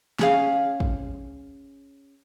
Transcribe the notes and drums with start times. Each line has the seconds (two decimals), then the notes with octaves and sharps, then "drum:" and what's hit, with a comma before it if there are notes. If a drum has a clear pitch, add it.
0.19 C#4 G#4 F5, drum: snare
0.80 drum: kick